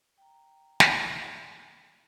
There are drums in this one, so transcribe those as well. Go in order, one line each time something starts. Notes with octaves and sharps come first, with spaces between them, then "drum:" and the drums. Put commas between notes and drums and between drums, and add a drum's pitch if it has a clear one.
G5 A#5
drum: snare